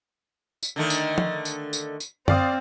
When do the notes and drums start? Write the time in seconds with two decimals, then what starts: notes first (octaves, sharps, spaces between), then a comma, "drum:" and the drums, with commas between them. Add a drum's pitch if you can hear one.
0.63 drum: tambourine
0.76 D3 D#3 A3
0.90 drum: tambourine
1.18 drum: tom
1.45 drum: tambourine
1.73 drum: tambourine
2.00 drum: tambourine
2.28 C4 D5 F5 D#6, drum: tom F#2